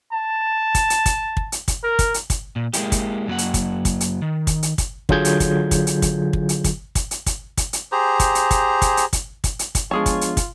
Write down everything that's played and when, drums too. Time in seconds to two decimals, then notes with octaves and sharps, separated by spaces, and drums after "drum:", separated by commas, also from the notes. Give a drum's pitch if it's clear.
0.13 A5
0.75 drum: kick, hi-hat
0.90 drum: hi-hat
1.06 drum: kick, hi-hat
1.37 drum: kick
1.52 drum: hi-hat
1.68 drum: kick, hi-hat
1.83 A#4
1.99 drum: kick, hi-hat
2.14 drum: hi-hat
2.30 drum: kick, hi-hat
2.56 A#2
2.73 G#3 A#3 B3 E4 G4, drum: hi-hat
2.92 drum: kick, hi-hat
3.28 F#2 D3 F#3 A#3 F#5
3.38 drum: hi-hat
3.54 drum: kick, hi-hat
3.85 drum: kick, hi-hat
4.01 drum: hi-hat
4.22 D#3
4.47 drum: kick, hi-hat
4.63 drum: hi-hat
4.78 drum: kick, hi-hat
5.09 D3 F#3 F4 G#4 G6 G#6, drum: kick
5.25 drum: hi-hat
5.40 drum: kick, hi-hat
5.71 drum: kick, hi-hat
5.87 drum: hi-hat
6.02 drum: kick, hi-hat
6.33 drum: kick
6.49 drum: hi-hat
6.64 drum: kick, hi-hat
6.95 drum: kick, hi-hat
7.11 drum: hi-hat
7.26 drum: kick, hi-hat
7.57 drum: kick, hi-hat
7.73 drum: hi-hat
7.92 G4 G#4 C5 A#5
8.20 drum: kick, hi-hat
8.35 drum: hi-hat
8.51 drum: kick, hi-hat
8.82 drum: kick, hi-hat
8.97 drum: hi-hat
9.13 drum: kick, hi-hat
9.44 drum: kick, hi-hat
9.59 drum: hi-hat
9.75 drum: kick, hi-hat
9.91 F3 G#3 B3 D4 F4 G#4 C#5 A5
10.06 drum: kick, hi-hat
10.21 drum: hi-hat
10.37 drum: kick, hi-hat